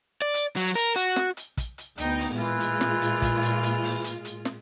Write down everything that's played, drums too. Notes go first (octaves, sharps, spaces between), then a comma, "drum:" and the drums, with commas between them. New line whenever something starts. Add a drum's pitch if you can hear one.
D5
drum: hi-hat
F#3, drum: open hi-hat
A#4, drum: hi-hat
F#4, drum: hi-hat
drum: snare
drum: hi-hat
drum: kick, hi-hat
drum: hi-hat
D2 B3 D#4 G5, drum: hi-hat
drum: open hi-hat
A#2 E3 G#3 F4
drum: hi-hat
drum: snare
drum: hi-hat
drum: kick, hi-hat
drum: hi-hat
drum: hi-hat
drum: open hi-hat
drum: hi-hat
drum: hi-hat
drum: snare